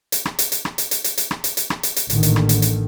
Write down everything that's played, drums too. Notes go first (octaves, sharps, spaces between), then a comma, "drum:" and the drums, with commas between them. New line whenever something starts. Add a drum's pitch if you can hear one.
drum: hi-hat
drum: rim click
drum: hi-hat
drum: hi-hat
drum: rim click
drum: hi-hat
drum: hi-hat
drum: hi-hat
drum: hi-hat
drum: rim click
drum: hi-hat
drum: hi-hat
drum: rim click
drum: hi-hat
drum: hi-hat
A1 A#2 D3 D#3, drum: hi-hat
drum: hi-hat
drum: rim click
drum: hi-hat
drum: hi-hat